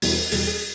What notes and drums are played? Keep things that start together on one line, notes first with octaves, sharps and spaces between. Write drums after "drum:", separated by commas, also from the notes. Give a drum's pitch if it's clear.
E2 B2 G3 E4, drum: open hi-hat
E2 B2 G3 G#4, drum: open hi-hat
G#4